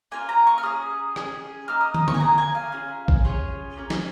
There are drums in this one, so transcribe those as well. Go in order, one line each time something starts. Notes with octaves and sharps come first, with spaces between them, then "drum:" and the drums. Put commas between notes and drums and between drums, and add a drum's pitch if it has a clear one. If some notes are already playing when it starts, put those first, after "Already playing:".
A#3 C#4 F4 G#5
A#5
C#6
F6
C#4 G#4 D#6
C#4 G#4, drum: rim click
A#3 D#4 F6
D#6
D#6, drum: tom
C#6, drum: tom D3
G#5
A#3 D#4 G#4 A#5
G#5
F5
C#4 F4 G#4
drum: kick A#1
C#4 F4 G#4 C#5
A#3 C#4 G#4
drum: snare